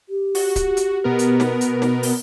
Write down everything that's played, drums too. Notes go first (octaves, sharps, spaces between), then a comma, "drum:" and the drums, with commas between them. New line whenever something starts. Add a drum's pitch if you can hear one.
G4
F#4, drum: open hi-hat
drum: kick C#1, hi-hat
drum: hi-hat
B2 B3 A#4
drum: hi-hat
drum: snare
drum: hi-hat
drum: snare
drum: open hi-hat